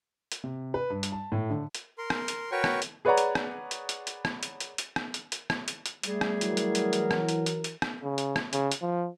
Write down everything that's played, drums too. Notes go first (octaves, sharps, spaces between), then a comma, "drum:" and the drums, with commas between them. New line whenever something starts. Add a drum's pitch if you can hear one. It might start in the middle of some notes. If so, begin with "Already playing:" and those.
drum: hi-hat
C3
B4
G2
drum: hi-hat
A5
A2
D3
drum: hi-hat
A#4 C6
drum: rim click
drum: hi-hat
F#4 A#4 B4 C#5 G5 C#6
drum: rim click
drum: hi-hat
G#4 B4 C#5 D5 F#5 A#5
drum: hi-hat
drum: rim click
drum: hi-hat
drum: hi-hat
drum: hi-hat
drum: rim click
drum: hi-hat
drum: hi-hat
drum: hi-hat
drum: rim click
drum: hi-hat
drum: hi-hat
drum: rim click
drum: hi-hat
drum: hi-hat
G3 A3 G#4, drum: hi-hat
drum: rim click
E3 F#3 A#4, drum: hi-hat
drum: hi-hat
drum: hi-hat
drum: hi-hat
drum: rim click
drum: hi-hat
drum: hi-hat
drum: hi-hat
drum: rim click
C#3
drum: hi-hat
drum: rim click
C#3, drum: hi-hat
drum: hi-hat
F3